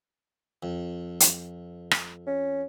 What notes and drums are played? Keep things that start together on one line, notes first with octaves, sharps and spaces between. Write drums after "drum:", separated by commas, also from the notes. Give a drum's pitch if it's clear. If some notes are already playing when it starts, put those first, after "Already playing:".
F2
drum: hi-hat
drum: rim click
C#4